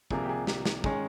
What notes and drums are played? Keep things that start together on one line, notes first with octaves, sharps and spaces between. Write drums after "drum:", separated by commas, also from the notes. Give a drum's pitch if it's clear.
C2 C3 F3 A#3 G#4, drum: kick
G4
G#4
G4, drum: snare
drum: snare
D#3 G#3 C#4 G#4, drum: kick